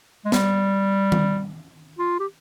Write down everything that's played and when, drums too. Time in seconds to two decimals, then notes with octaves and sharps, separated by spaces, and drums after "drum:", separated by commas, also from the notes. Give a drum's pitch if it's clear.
0.25 G#3
0.32 G3, drum: snare
1.12 drum: tom D#3
1.99 F4
2.20 G4